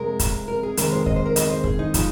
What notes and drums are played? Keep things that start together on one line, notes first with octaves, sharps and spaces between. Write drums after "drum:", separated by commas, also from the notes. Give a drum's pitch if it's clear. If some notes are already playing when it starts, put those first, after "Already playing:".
Already playing: F2 C3 G#3 A#4
drum: kick, hi-hat
A#4
G#4
F2 C3 D#3 G#3 A#4, drum: hi-hat
C5
D#5, drum: kick
C5
A#4
D#5, drum: hi-hat
C5
G#4, drum: kick
D#4
F3 G#3, drum: kick, hi-hat